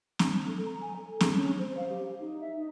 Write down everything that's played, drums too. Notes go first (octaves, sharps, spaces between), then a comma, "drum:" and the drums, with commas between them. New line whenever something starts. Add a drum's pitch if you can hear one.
drum: snare
A4
A#5
G#5
A4
G#4, drum: snare
C#4
C5
F5
G4
D#4
E5
D#4